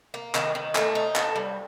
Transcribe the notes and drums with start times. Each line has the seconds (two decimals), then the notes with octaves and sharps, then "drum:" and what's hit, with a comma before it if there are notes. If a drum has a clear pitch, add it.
0.14 A#3
0.35 D#3, drum: clap
0.55 D#3
0.75 A3, drum: clap
0.95 D#4
1.16 A4, drum: clap
1.36 G3